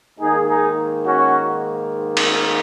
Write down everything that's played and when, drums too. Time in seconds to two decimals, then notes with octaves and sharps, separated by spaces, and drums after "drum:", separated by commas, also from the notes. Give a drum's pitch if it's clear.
0.18 G#2 D#3 A#3 D#4 G#4
0.47 D#4 G#4
1.04 C#4 F#4
2.17 drum: cymbal